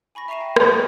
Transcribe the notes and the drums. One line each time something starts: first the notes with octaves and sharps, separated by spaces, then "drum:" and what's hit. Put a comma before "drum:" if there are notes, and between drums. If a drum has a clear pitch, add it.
G#5 B5 C#6 A#6
E5 A#5 C#6 C7 D#7 E7
G5
F6, drum: rim click
A#4 D#5 C#6 A6